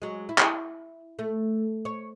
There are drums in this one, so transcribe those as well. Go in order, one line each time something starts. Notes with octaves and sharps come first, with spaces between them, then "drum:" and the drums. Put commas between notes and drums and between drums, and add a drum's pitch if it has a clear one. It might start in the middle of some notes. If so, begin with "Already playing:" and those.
F#3 G#3
E4
drum: clap
A3
C#5